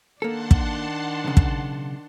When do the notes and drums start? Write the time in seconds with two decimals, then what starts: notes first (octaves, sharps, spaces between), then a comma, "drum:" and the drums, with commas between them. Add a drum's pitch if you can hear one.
0.22 D#3 A#3 D4 A4 F#5 A5 C6
0.51 drum: kick
1.24 B1 C#3
1.37 drum: kick